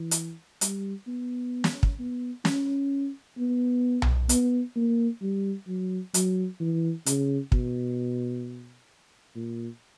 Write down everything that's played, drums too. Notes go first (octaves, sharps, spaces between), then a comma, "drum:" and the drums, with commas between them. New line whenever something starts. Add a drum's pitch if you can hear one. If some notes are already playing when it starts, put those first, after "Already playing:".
Already playing: E3
drum: hi-hat
G3, drum: hi-hat
B3
drum: snare
drum: kick
B3
C#4, drum: snare
B3
drum: tom B1
B3, drum: hi-hat
A#3
G3
F#3
F#3, drum: hi-hat
E3
C#3, drum: hi-hat
B2, drum: kick
A#2